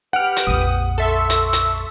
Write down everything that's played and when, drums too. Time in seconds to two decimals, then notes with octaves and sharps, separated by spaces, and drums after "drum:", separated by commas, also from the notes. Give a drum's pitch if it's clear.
0.13 G4 B4 F#5 G5 F6 D7
0.37 drum: hi-hat
0.47 A#1 F2 D#6
0.98 A4 E5 C6 C#6 E6
1.30 drum: hi-hat
1.53 drum: hi-hat